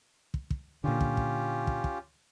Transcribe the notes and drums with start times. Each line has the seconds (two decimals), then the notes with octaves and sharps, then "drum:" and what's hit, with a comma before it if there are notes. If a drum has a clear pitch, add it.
0.34 drum: kick
0.50 drum: kick
0.84 A#2 D3 C#4 F4 G4
1.01 drum: kick
1.17 drum: kick
1.67 drum: kick
1.84 drum: kick